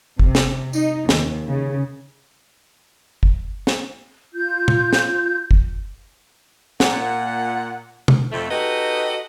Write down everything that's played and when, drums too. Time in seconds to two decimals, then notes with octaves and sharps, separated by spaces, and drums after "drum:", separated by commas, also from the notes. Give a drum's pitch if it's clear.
0.19 C3, drum: kick
0.35 drum: snare
0.73 D#4, drum: tambourine
1.09 D#2, drum: snare
1.48 C#3
3.23 drum: kick
3.67 drum: snare
4.33 F4 G6
4.68 drum: tom
4.93 drum: snare
5.51 drum: kick
6.80 A#2 F#5, drum: snare
8.08 drum: tom
8.31 F2 A3
8.51 D#4 F#4 G4 A4 B4 D#5